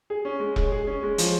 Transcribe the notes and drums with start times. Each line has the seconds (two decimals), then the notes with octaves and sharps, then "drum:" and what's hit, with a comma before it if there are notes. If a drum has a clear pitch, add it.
0.10 G#4
0.25 C#4
0.40 G#3
0.56 G#3, drum: kick E1
0.72 G#4
0.87 C#4
1.03 G#3
1.18 F3, drum: hi-hat